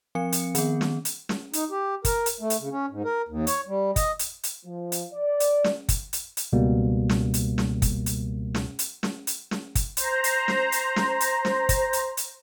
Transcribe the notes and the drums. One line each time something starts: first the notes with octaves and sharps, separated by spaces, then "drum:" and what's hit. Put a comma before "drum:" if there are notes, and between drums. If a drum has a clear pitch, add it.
F3 C4 C#7
drum: hi-hat
D#3 B3, drum: hi-hat
drum: snare
drum: hi-hat
drum: snare
D#4, drum: hi-hat
G4
A#4, drum: kick, hi-hat
drum: hi-hat
A3
drum: hi-hat
C#3
C#4
G#2
A#4
D#2
C#5, drum: hi-hat
G3
D#5, drum: kick, hi-hat
drum: hi-hat
drum: hi-hat
F3
drum: hi-hat
D5
drum: hi-hat
drum: snare
drum: kick, hi-hat
drum: hi-hat
drum: hi-hat
C#2 B2 G3 A#3
drum: snare
drum: hi-hat
drum: snare
drum: kick, hi-hat
drum: hi-hat
drum: snare
drum: hi-hat
drum: snare
drum: hi-hat
drum: snare
drum: kick, hi-hat
C5 A#5, drum: hi-hat
drum: hi-hat
drum: snare
drum: hi-hat
drum: snare
drum: hi-hat
drum: snare
drum: kick, hi-hat
drum: hi-hat
drum: hi-hat